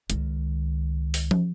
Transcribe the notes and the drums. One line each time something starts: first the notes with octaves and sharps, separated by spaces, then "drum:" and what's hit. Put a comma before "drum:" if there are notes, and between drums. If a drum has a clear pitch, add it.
C#2 D#3, drum: hi-hat
drum: open hi-hat
drum: tom F3